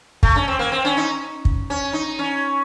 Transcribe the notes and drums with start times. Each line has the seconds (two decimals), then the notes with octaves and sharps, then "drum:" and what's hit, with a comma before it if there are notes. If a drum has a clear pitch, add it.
0.23 A3, drum: kick
0.36 C#4
0.48 C4
0.59 A#3
0.72 C4
0.85 C#4
0.97 D#4
1.45 drum: kick
1.70 C#4
1.93 D#4
2.19 C#4